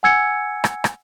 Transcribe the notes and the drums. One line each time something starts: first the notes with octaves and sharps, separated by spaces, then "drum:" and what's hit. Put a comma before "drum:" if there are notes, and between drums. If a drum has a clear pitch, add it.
F#5 G#5 E6 G#6 C#7
drum: rim click
drum: rim click